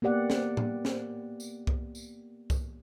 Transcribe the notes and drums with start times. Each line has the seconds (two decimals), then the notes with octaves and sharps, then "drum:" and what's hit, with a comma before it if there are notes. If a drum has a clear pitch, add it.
0.02 A#3 B3 G4 D5 F#5
0.30 drum: snare
0.57 drum: tom A2
0.85 drum: snare
1.40 drum: tambourine
1.67 drum: kick C2
1.95 drum: tambourine
2.50 drum: kick C2, tambourine